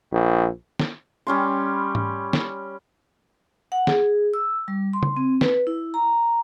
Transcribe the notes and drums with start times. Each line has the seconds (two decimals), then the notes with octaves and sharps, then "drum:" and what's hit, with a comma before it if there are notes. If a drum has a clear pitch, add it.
0.12 A#1
0.80 drum: snare
1.27 G3 C#4 C6
1.95 drum: tom G#2
2.33 drum: snare
3.72 F#5
3.87 G#4, drum: snare
4.34 E6
4.68 G3
4.93 C6
5.03 drum: tom
5.16 C4
5.41 B4, drum: snare
5.67 E4
5.94 A#5